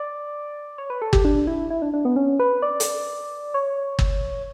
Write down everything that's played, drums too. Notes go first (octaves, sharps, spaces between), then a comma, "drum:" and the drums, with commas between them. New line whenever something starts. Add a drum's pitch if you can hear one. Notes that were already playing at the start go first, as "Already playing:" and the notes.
Already playing: D5
C#5
B4
A4
G4, drum: kick G1
D4
E4
E4
D4
D4
B3
C#4
B4
D5
drum: hi-hat
C#5
drum: kick G1